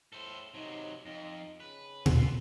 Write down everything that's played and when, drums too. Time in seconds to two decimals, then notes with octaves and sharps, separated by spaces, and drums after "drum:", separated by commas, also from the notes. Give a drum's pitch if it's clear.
0.13 A2 A4 C5
0.54 C3 F#3 D#4
1.06 F2 D#4
1.60 C#3 B4
2.06 F4 B4, drum: tom A#2